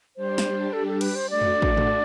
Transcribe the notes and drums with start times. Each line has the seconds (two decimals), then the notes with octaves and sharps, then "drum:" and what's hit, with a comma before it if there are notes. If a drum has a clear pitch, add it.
0.16 G3 D4 G4 C5
0.38 drum: snare
0.73 A4
0.88 A4
1.01 B4, drum: cymbal
1.15 C5
1.30 A3 D4 F#4 D5
1.41 drum: tom E2
1.62 drum: kick A1
1.77 drum: tom G#2